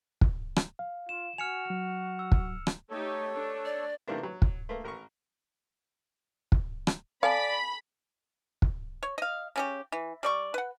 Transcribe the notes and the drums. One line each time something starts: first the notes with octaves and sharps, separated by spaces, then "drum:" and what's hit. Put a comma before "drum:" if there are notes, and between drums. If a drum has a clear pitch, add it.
drum: kick
drum: rim click
F5
F4 E7
F#4 G#5 F6 C#7 F7
F#3
E6
drum: kick
drum: rim click
A3 D#4 G4 A4 C#5
A3 D4
D5
C3 D#3 E3 A3 A#3 D4
F#3
drum: kick
A3 A#3
A1 A#4 A#5 C#6
drum: kick
drum: rim click
A4 D5 F5 G#5 A5 B5
drum: kick
C#5
D#5 F5
C#3 C#4 G4
E3
G3 D5 C#6
B4 F#5